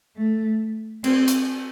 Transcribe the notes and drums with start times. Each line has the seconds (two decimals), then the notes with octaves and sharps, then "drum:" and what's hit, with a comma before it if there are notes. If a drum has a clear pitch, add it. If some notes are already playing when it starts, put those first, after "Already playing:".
0.17 A3
1.04 C4, drum: cymbal
1.28 drum: hi-hat